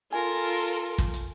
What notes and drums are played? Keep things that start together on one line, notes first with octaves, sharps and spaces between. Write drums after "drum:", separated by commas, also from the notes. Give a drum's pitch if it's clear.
F4 A4 A#4 G#5
drum: kick
drum: hi-hat